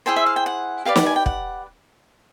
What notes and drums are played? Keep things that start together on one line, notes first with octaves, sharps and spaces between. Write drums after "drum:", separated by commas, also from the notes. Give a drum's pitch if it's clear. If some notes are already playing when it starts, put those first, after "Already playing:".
E4 G#4 C5 G5
E5
F5
G5
F#5
G4 B4 D5 F5
F#5, drum: snare
G#5
G5
F#5, drum: kick